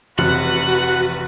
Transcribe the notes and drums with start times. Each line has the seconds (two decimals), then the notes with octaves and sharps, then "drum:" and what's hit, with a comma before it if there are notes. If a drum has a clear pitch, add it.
0.19 F1 F#4 B4 F#5, drum: tom E3